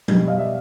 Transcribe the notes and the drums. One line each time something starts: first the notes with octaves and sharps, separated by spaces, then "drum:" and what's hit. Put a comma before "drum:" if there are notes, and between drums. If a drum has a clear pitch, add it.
B2 G3, drum: tom F3
D#5 F5
D5 E5